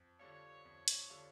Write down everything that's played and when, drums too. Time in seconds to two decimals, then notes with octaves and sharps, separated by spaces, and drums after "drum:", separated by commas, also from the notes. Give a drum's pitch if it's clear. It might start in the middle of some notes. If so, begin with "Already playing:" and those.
Already playing: F2
0.20 D3 G3 D4 F4 C#5
0.65 F2
0.88 drum: hi-hat
1.10 D3 G3 D4 F4